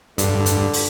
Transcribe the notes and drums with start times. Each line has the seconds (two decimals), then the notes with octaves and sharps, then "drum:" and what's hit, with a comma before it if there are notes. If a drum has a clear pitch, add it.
0.18 G2 D3, drum: hi-hat
0.46 drum: hi-hat
0.73 drum: open hi-hat